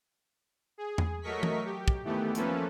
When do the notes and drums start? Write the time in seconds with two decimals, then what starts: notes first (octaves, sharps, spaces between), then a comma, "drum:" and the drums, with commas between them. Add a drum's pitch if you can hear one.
0.78 G#4
0.98 drum: tom E2
1.22 F#3 A3 A#4 D#5 C#6 B6
1.43 drum: tom E3
1.65 G4
1.88 drum: kick
2.04 D#2 E3 A3 B3 G4
2.35 F3 A3 A#3 C#4 A4 B4, drum: hi-hat